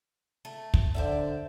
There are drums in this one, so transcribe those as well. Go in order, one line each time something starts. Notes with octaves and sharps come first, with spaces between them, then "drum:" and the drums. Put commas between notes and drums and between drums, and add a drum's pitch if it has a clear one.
A3
drum: kick
D3 C5 D5 E5